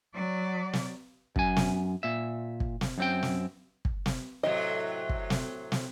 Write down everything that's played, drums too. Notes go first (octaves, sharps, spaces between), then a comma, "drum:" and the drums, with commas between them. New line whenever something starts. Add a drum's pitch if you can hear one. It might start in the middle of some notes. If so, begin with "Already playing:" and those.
F#3 D5
drum: snare
F#2 G#5, drum: kick
drum: snare
A#2 E5
drum: kick
drum: snare
F#2 C4 G5
drum: snare
drum: kick
drum: snare
A2 C3 F#3 D#5
drum: kick
drum: snare
drum: snare